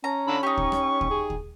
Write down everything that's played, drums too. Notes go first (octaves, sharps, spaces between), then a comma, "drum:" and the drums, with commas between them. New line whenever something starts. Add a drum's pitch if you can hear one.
C#4 A#5
D3 A4 B5
D#4 G4 C#6
drum: kick D2
drum: rim click
drum: kick D2
G#4
drum: kick D2